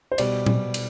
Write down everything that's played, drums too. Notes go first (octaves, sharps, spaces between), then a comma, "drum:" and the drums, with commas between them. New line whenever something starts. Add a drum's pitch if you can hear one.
C5
B2 G3 D5, drum: cymbal
drum: tom
drum: cymbal